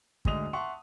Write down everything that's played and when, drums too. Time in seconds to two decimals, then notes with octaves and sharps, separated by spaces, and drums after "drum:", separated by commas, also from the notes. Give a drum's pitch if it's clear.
0.25 D2 G#2 D3 D#5 D#6 F7, drum: kick
0.53 E5 F#5 A5 C6 C#6